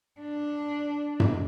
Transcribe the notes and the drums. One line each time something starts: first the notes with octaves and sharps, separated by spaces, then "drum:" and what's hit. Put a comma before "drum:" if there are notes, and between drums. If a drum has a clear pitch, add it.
D4
drum: tom F#2